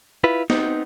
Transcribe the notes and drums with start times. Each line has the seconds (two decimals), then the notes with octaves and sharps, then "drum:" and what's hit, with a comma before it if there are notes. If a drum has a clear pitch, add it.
0.24 E4 F4 B4
0.50 B3 C4 D#4, drum: snare